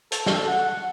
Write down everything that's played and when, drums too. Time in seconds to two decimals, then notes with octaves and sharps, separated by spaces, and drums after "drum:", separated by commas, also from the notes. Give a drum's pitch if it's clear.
0.12 A4, drum: hi-hat
0.26 drum: snare
0.48 F#5